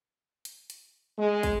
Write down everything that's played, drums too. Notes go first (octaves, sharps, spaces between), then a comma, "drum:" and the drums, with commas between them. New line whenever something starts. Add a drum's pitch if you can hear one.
drum: hi-hat
drum: hi-hat
G#3
drum: kick, hi-hat